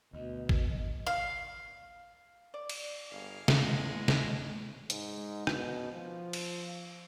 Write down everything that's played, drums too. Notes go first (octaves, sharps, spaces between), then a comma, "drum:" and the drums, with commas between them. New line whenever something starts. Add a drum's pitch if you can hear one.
D2 B2 D#5
drum: kick
F5
D5
drum: cymbal
G1 G#4 F5
E2 G#3, drum: snare
G#4 D#5, drum: snare
G#2, drum: hi-hat
B2, drum: rim click
F3
drum: cymbal